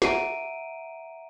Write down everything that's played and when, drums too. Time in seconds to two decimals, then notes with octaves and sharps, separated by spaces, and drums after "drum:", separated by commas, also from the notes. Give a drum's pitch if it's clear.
0.02 E5 F#5 A#5 D7 D#7, drum: snare